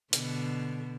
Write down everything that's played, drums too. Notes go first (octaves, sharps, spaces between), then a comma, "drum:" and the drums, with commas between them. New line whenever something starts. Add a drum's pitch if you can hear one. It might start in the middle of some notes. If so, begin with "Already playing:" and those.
B2 D3, drum: hi-hat